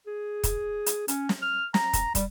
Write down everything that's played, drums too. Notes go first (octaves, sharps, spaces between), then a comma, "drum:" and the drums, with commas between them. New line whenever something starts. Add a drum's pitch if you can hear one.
G#4
drum: kick, hi-hat
drum: hi-hat
C#4, drum: hi-hat
drum: snare
F6
A#5, drum: snare
drum: kick, hi-hat
G3, drum: kick, hi-hat